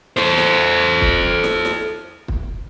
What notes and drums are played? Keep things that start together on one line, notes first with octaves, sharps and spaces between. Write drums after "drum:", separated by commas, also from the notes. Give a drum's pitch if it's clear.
A4 C5, drum: snare
drum: snare
drum: kick
drum: snare
drum: snare
drum: kick